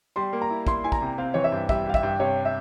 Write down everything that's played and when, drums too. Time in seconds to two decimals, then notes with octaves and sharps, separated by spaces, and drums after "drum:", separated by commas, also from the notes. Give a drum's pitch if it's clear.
0.16 G3 C6
0.33 A#3
0.42 A#5
0.50 E4
0.67 E4 C6, drum: kick
0.84 E4 G#5
0.92 A#5, drum: kick
1.01 C3
1.18 C4 F5
1.34 E3 C#5
1.44 E5
1.52 G2
1.69 G3 E5, drum: kick
1.86 G3 F5
1.94 E5, drum: kick
2.03 G2
2.20 C3 C#5
2.45 E5